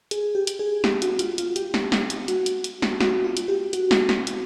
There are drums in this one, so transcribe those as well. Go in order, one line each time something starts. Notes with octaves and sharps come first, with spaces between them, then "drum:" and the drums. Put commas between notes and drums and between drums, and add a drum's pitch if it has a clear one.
G#4, drum: hi-hat
G4
drum: hi-hat
G#4
G4, drum: snare
F#4, drum: hi-hat
F4, drum: hi-hat
F4, drum: hi-hat
G4, drum: hi-hat
drum: snare
drum: snare
drum: hi-hat
F#4, drum: hi-hat
drum: hi-hat
drum: hi-hat
drum: snare
F#4, drum: snare
F4
drum: hi-hat
G4
F#4, drum: hi-hat
drum: snare
drum: snare
drum: hi-hat